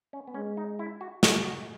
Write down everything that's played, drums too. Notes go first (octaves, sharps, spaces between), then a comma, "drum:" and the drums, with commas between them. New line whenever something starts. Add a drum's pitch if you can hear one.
C#4
B3
G#3 C#4
D#4
E4
F#4
F#4, drum: snare
F#4